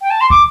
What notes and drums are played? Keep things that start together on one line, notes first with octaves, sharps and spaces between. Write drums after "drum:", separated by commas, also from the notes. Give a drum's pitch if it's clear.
G5
A5
C6
D6, drum: kick